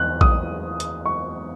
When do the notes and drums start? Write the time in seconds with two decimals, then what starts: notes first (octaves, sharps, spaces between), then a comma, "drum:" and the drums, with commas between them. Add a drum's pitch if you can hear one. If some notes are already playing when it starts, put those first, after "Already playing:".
Already playing: E2 F#6
0.21 D#6, drum: kick A#1
0.80 drum: hi-hat
1.06 C#6